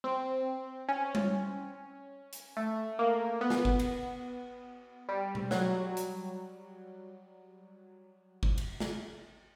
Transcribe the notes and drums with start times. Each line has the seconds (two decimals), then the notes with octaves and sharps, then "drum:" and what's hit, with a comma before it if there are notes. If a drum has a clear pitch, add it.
0.04 C4
0.88 C#4
1.15 drum: tom G3
2.33 drum: hi-hat
2.57 A3
2.99 A#3
3.41 B3
3.50 drum: snare
3.65 drum: kick G1
3.79 drum: cymbal
5.09 G3
5.35 drum: tom B2
5.51 F#3, drum: snare
5.97 drum: hi-hat
8.43 drum: kick G1
8.58 drum: cymbal
8.80 drum: snare